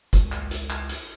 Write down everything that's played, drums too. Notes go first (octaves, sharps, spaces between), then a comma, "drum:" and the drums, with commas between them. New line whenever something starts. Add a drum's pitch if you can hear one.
C#2, drum: kick, hi-hat
drum: clap
drum: hi-hat
drum: clap
drum: hi-hat